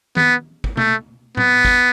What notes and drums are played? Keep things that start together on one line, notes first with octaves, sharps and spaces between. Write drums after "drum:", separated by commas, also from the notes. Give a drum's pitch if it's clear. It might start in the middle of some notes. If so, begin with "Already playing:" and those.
B3, drum: tom D#3
drum: kick
A3, drum: tom B2
B3, drum: tom A2
drum: kick